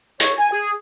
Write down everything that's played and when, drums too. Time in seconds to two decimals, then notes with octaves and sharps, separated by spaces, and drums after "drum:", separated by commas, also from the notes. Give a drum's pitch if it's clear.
0.20 C#5, drum: hi-hat
0.38 G#5
0.52 G#4